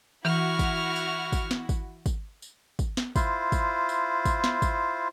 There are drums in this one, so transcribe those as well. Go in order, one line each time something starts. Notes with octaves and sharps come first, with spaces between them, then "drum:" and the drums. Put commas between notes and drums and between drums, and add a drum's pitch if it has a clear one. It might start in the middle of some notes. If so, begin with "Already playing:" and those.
E3 E4 F#4 C#6 F6
drum: kick, tambourine
drum: tambourine
drum: kick, tambourine
drum: snare
drum: kick, tambourine
drum: kick, tambourine
drum: tambourine
drum: kick, tambourine
drum: snare
E4 F4 C5, drum: kick, tambourine
drum: kick, tambourine
drum: tambourine
drum: kick, tambourine
drum: snare
drum: kick, tambourine